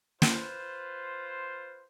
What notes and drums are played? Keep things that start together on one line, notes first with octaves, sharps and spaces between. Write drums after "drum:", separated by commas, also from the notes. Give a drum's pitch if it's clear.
F4 B4 C5, drum: snare